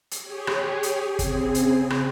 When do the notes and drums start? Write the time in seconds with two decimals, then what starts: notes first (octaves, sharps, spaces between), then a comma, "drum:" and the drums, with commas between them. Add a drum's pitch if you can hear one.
0.11 drum: hi-hat
0.22 G4 G#4 C#5
0.47 drum: rim click
0.83 drum: hi-hat
1.19 C#3 C4 G#4, drum: kick, hi-hat
1.55 drum: hi-hat
1.90 drum: rim click